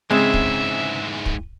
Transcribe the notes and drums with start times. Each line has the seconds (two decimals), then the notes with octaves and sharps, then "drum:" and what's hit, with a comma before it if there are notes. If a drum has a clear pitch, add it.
0.11 G#2 C#3 E3 G#3 C4 E5
0.34 drum: kick
1.26 drum: kick